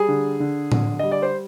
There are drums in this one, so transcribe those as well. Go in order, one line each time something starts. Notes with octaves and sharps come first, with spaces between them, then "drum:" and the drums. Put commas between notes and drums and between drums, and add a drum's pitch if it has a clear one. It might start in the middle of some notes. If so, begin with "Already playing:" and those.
Already playing: G3 G#4
D3
D3
D3, drum: tom A2
G3 D#5
D5
C5